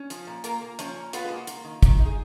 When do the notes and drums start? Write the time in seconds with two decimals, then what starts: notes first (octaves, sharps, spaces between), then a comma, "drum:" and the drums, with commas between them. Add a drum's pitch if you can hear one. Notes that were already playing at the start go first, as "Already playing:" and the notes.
Already playing: C#4
0.10 F3, drum: hi-hat
0.27 A#2
0.44 A#3 F4 A#4, drum: hi-hat
0.61 A#3
0.79 F3 C#4 C#5, drum: hi-hat
0.96 A#2
1.13 B3 F4 B4, drum: hi-hat
1.25 G#3 G#4
1.30 A#3
1.36 F#4
1.47 A#3 F4, drum: hi-hat
1.65 D#3
1.83 D#3, drum: kick, hi-hat
1.99 D#4
2.06 G#4